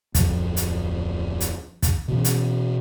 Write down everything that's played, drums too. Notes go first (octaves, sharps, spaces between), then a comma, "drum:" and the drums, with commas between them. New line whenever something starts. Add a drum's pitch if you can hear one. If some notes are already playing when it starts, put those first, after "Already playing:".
D1 F2 F3, drum: kick, hi-hat
drum: hi-hat
drum: hi-hat
drum: kick, hi-hat
B2 E3 C#4
drum: hi-hat